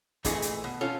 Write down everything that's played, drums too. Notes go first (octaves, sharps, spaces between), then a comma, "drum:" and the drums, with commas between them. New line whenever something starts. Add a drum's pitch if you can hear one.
A#2 E3 A3 E4 G#4 D#5, drum: kick, hi-hat
drum: hi-hat
B2
C#4 F4 A4